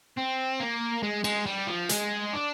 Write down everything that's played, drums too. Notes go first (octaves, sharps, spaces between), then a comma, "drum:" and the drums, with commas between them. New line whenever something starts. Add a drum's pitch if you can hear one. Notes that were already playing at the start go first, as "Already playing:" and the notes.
C4
A#3
G#3
G#3, drum: cymbal
G3
F3
G#3, drum: hi-hat
D4